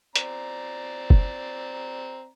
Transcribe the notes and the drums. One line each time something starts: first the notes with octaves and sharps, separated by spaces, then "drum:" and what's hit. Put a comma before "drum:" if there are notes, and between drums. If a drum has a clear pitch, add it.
C4 D5 A#5, drum: hi-hat
drum: kick